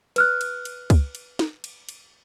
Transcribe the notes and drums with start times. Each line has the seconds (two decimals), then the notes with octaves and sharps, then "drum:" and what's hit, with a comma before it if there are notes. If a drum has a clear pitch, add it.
0.16 B4 F6 F#6, drum: cymbal
0.41 drum: cymbal
0.65 drum: cymbal
0.90 drum: kick C#2, cymbal
1.15 drum: cymbal
1.39 drum: snare
1.64 drum: cymbal
1.89 drum: cymbal